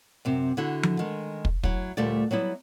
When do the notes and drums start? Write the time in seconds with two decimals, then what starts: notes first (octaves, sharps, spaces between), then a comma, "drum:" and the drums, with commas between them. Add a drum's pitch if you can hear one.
0.25 F#2 C3 C4
0.57 D3 E4 F#4
0.83 drum: tom F3
0.99 D#3 G#3
1.45 drum: kick
1.63 F#3 E4, drum: kick
1.97 D2 A#2 G3 A3 G4 D5
2.31 F#3 G3 B3 E4